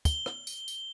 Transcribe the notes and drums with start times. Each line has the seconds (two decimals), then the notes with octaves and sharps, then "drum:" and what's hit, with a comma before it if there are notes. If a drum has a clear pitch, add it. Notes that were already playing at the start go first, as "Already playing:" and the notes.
0.05 G7, drum: kick, tambourine
0.26 drum: rim click
0.47 drum: tambourine
0.68 drum: tambourine